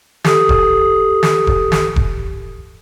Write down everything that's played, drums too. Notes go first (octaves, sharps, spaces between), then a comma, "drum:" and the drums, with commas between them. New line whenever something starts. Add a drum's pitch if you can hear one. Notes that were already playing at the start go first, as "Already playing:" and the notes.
G4 A4 D#6, drum: snare
drum: kick E1
drum: snare
drum: kick E1
drum: snare
drum: kick E1